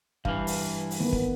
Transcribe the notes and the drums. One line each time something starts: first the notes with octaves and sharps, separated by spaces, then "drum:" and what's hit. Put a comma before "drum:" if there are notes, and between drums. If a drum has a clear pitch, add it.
G2 E3 F5, drum: kick
drum: open hi-hat
drum: open hi-hat
D#3 A#3 B3
drum: kick